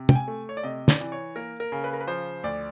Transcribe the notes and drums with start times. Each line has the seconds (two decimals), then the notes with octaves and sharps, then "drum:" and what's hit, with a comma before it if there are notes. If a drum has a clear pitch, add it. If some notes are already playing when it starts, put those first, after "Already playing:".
Already playing: C3
0.09 G5, drum: tom
0.15 G#5
0.28 A3
0.49 C#5
0.57 D5
0.63 C3 D#5
0.88 D5, drum: snare
1.00 E3
1.12 C#5
1.36 A#3 A#4
1.60 A#4
1.72 C#3
1.84 B4
1.93 A#4
2.01 B4
2.07 F3 C5
2.44 D2 D5